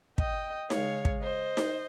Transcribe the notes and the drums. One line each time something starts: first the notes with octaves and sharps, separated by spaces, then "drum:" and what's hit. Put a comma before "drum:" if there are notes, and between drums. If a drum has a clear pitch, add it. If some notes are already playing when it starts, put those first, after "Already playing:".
D#5 G5, drum: kick
C#3 G#3 C#5 F5, drum: snare D#4
drum: kick
C5 D#5
drum: snare D#4